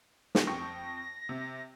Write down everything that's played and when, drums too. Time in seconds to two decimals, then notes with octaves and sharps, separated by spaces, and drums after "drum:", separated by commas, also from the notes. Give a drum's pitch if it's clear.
0.35 drum: snare
0.47 F2 G5 C#6 A#6
1.29 C3